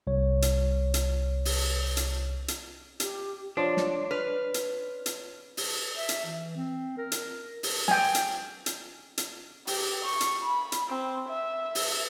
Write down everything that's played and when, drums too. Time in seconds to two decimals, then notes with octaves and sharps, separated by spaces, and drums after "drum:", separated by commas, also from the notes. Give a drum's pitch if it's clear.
0.07 C2 C#5
0.42 drum: hi-hat
0.94 drum: hi-hat
1.45 drum: open hi-hat
1.97 drum: hi-hat
2.48 drum: hi-hat
3.00 G4, drum: hi-hat
3.57 F3 D4 C#5 C6
3.77 drum: snare
4.11 B4 F6
4.54 drum: hi-hat
5.06 drum: hi-hat
5.57 drum: open hi-hat
5.96 E5
6.09 drum: hi-hat
6.25 E3
6.56 C4
6.98 A#4
7.12 drum: hi-hat
7.63 drum: open hi-hat
7.88 G5 G#5, drum: snare
8.15 drum: hi-hat
8.66 drum: hi-hat
9.18 drum: hi-hat
9.67 G4, drum: open hi-hat
10.04 C#6
10.20 drum: hi-hat
10.43 B5
10.72 drum: hi-hat
10.89 C4
11.29 E5
11.75 drum: open hi-hat